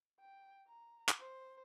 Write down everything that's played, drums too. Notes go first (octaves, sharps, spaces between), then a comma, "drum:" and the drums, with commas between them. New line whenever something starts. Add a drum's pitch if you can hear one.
G5
A#5
drum: clap
C5